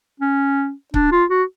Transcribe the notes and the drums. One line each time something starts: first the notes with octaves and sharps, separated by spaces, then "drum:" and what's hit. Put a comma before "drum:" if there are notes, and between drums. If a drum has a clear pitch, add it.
C#4
D4, drum: kick C#1
F4
F#4